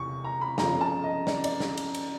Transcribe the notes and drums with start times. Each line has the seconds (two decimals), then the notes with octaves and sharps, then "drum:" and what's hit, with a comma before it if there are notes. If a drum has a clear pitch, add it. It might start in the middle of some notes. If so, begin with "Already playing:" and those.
Already playing: E2 C3 C#6
0.25 A#5
0.41 B5
0.58 G1 F2 C#3 F3 A#5, drum: snare
0.81 A5
1.04 D#5
1.27 D5, drum: snare
1.44 D5, drum: cymbal
1.60 drum: snare
1.77 drum: cymbal
1.95 drum: cymbal